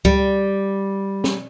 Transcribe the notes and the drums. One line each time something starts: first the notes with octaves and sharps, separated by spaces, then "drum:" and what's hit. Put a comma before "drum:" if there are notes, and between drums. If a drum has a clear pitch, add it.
G3, drum: kick C#2
drum: snare